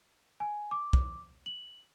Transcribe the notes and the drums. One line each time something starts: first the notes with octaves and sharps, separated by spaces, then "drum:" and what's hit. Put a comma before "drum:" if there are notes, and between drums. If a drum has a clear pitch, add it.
G#5
D6
drum: kick
F#7